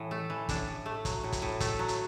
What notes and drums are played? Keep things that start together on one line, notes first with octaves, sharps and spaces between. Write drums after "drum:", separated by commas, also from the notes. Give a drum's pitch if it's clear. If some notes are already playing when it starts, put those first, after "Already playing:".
Already playing: A2 E3
A3
E3
A2 D4, drum: kick, hi-hat
A2
A3
F#3, drum: kick, hi-hat
A2
drum: kick, hi-hat
A2
A3, drum: kick, hi-hat
F#3
drum: hi-hat